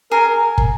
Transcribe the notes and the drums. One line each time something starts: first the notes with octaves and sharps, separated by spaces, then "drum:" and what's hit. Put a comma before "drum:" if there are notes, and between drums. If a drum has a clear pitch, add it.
G#4 A#4
drum: kick